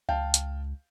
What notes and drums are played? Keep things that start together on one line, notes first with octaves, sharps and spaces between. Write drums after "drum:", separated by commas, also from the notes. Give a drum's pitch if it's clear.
C#2 F5 G5 A5
drum: hi-hat